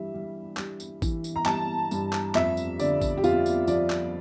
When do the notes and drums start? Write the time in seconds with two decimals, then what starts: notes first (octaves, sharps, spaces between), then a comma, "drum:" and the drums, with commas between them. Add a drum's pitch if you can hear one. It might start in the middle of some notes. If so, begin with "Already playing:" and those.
Already playing: G2 E3 G3 E5
0.14 G3
0.57 G3, drum: clap
0.80 drum: tambourine
1.02 E3, drum: kick, tambourine
1.24 drum: tambourine
1.36 A#5
1.46 G3 A5, drum: clap
1.91 G2, drum: tambourine
2.13 drum: clap
2.35 F2 E5, drum: clap
2.57 drum: tambourine
2.80 D3 D5, drum: tambourine
3.01 drum: kick, tambourine
3.18 G4
3.24 F2 F4, drum: tambourine
3.46 drum: tambourine
3.67 F3 D5, drum: tambourine
3.90 drum: clap